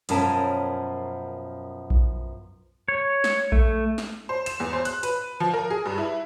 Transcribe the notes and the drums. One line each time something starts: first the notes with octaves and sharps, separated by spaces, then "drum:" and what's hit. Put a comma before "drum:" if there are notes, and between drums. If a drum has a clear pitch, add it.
F#2 B2 F3 C#4 A#4 A5, drum: hi-hat
drum: kick A#1
C#5
drum: snare
A3, drum: kick A#1
drum: snare
C5
E7, drum: hi-hat
E2
C5
F#6, drum: hi-hat
B4, drum: hi-hat
F3
A#4
G#4
G2
E4